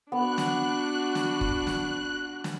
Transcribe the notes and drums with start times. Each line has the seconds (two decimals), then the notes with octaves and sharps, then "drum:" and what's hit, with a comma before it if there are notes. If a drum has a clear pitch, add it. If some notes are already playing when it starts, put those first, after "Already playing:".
0.12 B3 D4 F#4 F#6
0.38 drum: snare
1.15 drum: snare
1.41 drum: kick
1.67 drum: snare
2.44 drum: snare